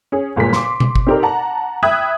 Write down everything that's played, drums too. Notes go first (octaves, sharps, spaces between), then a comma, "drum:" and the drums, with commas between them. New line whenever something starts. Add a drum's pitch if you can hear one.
C#4 G#4
G1 A#2 G#3 A#4 B6
C6 D6, drum: snare
drum: tom B2
drum: kick
C4 D#4 G4 A4 A#4 D5
F#5 A5 A#5
E5 G5 B5 D#6 F#6 G#6